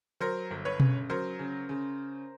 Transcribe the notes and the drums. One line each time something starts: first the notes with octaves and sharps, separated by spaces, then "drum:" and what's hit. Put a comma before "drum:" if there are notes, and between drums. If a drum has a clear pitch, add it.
F#3 A#4 C5
G1
B4 C#5
C#3, drum: tom B2
F#3 A#4 C5
C#3
C#3